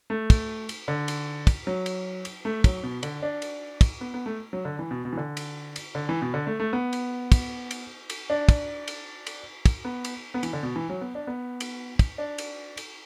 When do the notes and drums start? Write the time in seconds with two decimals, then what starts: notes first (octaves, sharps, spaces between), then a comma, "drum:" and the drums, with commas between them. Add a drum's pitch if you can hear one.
0.10 A3
0.30 drum: kick, cymbal
0.69 drum: cymbal
0.88 D3
1.08 drum: cymbal
1.47 drum: kick, cymbal
1.67 F#3
1.86 drum: cymbal
2.25 drum: cymbal
2.45 A3
2.64 F#3, drum: kick, cymbal
2.83 B2
3.03 D3, drum: cymbal
3.22 D4
3.42 drum: cymbal
3.81 drum: kick, cymbal
4.01 B3
4.14 B3
4.26 A3
4.53 F#3
4.65 D3
4.79 E3
4.91 B2
5.05 B2
5.13 E3
5.17 D3
5.37 drum: cymbal
5.76 drum: cymbal
5.95 D3
6.09 E3
6.22 B2
6.34 D3
6.47 A3
6.60 A3
6.73 B3
6.93 drum: cymbal
7.32 drum: kick, cymbal
7.71 drum: cymbal
8.10 drum: cymbal
8.30 D4
8.49 drum: kick, cymbal
8.88 drum: cymbal
9.27 drum: cymbal
9.66 drum: kick, cymbal
9.85 B3
10.05 drum: cymbal
10.34 B3
10.43 E3, drum: cymbal
10.53 D3
10.63 B2
10.76 E3
10.90 F#3
11.01 B3
11.15 D4
11.27 B3
11.60 drum: cymbal
11.99 drum: kick, cymbal
12.18 D4
12.38 drum: cymbal
12.77 drum: cymbal